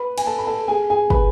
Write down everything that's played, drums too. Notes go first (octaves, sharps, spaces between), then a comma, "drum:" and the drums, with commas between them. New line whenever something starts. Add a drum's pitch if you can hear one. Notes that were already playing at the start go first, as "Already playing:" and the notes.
Already playing: B4 B5
G#5, drum: cymbal
A4 A5
B5
A4 A5
G#4 G#5
G#4 G#5
B4 B5, drum: kick